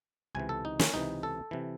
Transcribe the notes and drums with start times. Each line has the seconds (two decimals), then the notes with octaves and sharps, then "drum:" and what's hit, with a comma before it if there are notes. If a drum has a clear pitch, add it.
0.35 C#2 C3 E3 G#5
0.49 A4
0.65 D#4
0.79 C#4, drum: snare
0.94 C#2 C3 E3 D#4
1.23 A4
1.51 C3 E3